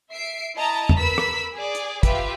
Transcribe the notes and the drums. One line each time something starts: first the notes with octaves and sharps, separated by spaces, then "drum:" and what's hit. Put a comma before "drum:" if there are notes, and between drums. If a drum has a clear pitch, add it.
E5 C7 D7
E4 D#5 A5 A#5
drum: tom
A#4 B4 B5 E6 B6
drum: rim click
G#4 D5
drum: hi-hat
F4 G4 B4 E5, drum: kick, hi-hat